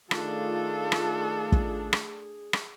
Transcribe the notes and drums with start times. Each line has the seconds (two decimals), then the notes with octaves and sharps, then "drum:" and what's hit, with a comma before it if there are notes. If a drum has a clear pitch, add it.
0.11 D#3 A3 D4 F4 G#4 A4, drum: rim click
0.92 drum: rim click
1.52 drum: kick
1.93 drum: rim click
2.53 drum: rim click